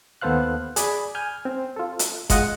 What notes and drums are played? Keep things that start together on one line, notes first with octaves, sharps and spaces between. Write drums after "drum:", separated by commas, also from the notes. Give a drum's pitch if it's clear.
D#2 B3 A4 C5 F5 F#6
G#4 D5 B5, drum: hi-hat
G#5 F6 G6
C4
F4 A4
drum: hi-hat
G#3 F4 D#5 F#5, drum: kick F1, hi-hat